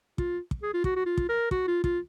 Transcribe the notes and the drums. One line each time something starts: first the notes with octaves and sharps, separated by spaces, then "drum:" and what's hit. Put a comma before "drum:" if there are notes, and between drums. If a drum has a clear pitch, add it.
F4, drum: kick
drum: kick
G#4
F4
F#4, drum: kick
F#4
F4
drum: kick
A#4
F#4, drum: kick
F4
F4, drum: kick